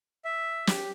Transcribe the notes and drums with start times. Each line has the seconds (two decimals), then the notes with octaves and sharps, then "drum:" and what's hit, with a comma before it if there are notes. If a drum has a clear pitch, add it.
0.25 E5
0.67 G4, drum: snare